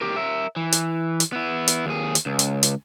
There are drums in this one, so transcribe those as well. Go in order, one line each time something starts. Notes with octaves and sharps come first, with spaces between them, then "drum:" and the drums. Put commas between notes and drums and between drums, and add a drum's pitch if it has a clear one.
G4 A#4
A#4 E5
E3
drum: hi-hat
drum: hi-hat
B3 E4
drum: hi-hat
D#2 G#4
drum: hi-hat
C#2
drum: hi-hat
drum: hi-hat